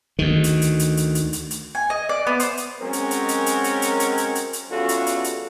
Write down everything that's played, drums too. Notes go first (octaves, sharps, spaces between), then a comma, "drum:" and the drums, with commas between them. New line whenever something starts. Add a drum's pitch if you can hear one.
D2 D#3
drum: hi-hat
drum: hi-hat
drum: hi-hat
drum: hi-hat
drum: hi-hat
drum: hi-hat
drum: hi-hat
G#5
D#5
D5
B3
C5, drum: hi-hat
drum: hi-hat
F#3 G#3 C4 C#4 A#4
drum: hi-hat
drum: hi-hat
drum: hi-hat
drum: hi-hat
drum: hi-hat
drum: hi-hat
drum: hi-hat
drum: hi-hat
drum: hi-hat
drum: hi-hat
E2 G3 C#4 F4 F#4 A4
drum: hi-hat
drum: hi-hat
drum: hi-hat